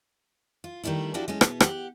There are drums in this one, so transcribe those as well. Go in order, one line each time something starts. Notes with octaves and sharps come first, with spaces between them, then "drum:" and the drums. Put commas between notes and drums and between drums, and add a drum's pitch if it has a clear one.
F4
D#3 G3 A3 D4 E4
F3 D4 E4 F#4 G4
G#3 A3 C#4
B2 B3, drum: rim click
G4 C#5 F#5, drum: rim click